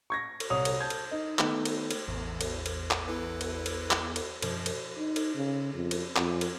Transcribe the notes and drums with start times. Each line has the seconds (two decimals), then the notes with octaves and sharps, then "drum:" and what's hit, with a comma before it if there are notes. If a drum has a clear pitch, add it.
0.10 C#6 G#6 A#6
0.40 drum: cymbal
0.50 C2 C#5 D#6 F7
0.65 drum: cymbal
0.80 A5 G6 G#6
0.90 drum: cymbal
1.11 D#4
1.39 D#3 A3 B3, drum: clap
1.65 drum: cymbal
1.91 drum: cymbal
2.08 A1 E2
2.41 drum: cymbal
2.66 drum: cymbal
2.91 drum: clap
3.08 E4 A4 B4
3.41 drum: cymbal
3.66 drum: cymbal
3.91 drum: clap
4.16 drum: cymbal
4.42 F#2 B2 F3, drum: cymbal
4.66 drum: cymbal
4.98 D#4
5.16 drum: cymbal
5.35 C#3
5.75 F2
5.91 drum: cymbal
6.16 F2, drum: clap
6.41 drum: cymbal